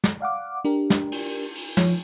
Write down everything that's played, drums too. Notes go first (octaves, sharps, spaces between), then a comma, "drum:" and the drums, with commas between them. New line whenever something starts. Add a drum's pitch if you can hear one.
drum: snare
D5 F5 F#5 D6
D4 G4 A#4
drum: snare
drum: cymbal
drum: cymbal
F3 F4 C#5, drum: snare